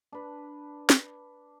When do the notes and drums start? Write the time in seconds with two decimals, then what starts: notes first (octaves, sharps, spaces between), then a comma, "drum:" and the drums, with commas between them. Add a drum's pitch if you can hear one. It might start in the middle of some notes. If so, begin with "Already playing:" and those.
0.12 D4 B4
0.90 drum: snare